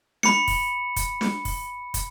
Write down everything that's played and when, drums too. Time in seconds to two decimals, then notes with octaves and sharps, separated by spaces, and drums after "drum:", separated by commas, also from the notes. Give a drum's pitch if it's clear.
0.23 B5 C#7, drum: snare
0.48 drum: kick, open hi-hat
0.96 drum: kick, hi-hat
1.21 drum: snare
1.45 drum: kick, open hi-hat
1.94 drum: kick, hi-hat